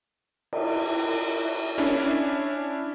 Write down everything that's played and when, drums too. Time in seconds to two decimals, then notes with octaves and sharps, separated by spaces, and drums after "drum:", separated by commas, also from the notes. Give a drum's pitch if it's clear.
0.53 drum: cymbal
1.78 C#4 D4 E4, drum: snare